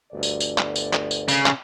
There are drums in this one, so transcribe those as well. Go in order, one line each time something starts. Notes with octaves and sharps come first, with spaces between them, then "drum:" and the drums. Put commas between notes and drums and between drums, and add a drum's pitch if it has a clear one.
G1 D2 D5
drum: tambourine
drum: tambourine
drum: clap
drum: tambourine
drum: clap
drum: tambourine
C#3, drum: tambourine
drum: clap